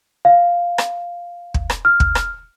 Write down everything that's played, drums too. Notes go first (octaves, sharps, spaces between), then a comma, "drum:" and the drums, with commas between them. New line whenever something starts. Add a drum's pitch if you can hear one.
F5
drum: rim click
drum: kick
drum: rim click
F6
drum: kick
drum: rim click